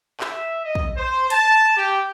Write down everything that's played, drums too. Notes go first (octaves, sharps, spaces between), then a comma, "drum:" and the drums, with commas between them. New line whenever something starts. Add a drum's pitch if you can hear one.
E5, drum: clap
D#5
drum: kick
C5
A5, drum: hi-hat
G4